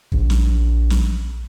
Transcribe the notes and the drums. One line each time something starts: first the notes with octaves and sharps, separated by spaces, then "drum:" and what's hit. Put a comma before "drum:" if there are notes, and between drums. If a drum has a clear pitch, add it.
A#1, drum: kick
drum: snare
drum: snare